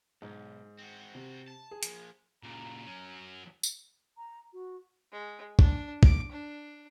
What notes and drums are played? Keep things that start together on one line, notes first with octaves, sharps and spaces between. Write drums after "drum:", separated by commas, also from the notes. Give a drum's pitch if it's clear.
B1 G#2
C4 F#4
C3
A5
G#4
F3 A#3, drum: hi-hat
A#2 C#3 A#5
F#3 C#4
drum: tambourine
A#5
F#4
G#3
D4, drum: kick
D6, drum: kick
D4